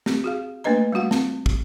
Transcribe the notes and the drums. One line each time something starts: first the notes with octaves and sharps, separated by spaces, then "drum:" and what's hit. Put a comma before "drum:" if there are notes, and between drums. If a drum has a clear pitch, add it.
C4 G4, drum: snare
F#4 G#4 F5
A3 A#3 D4 B4 D#5 A#5
G3 A3 C#4 F#4 F5 F#5
C4, drum: snare
drum: kick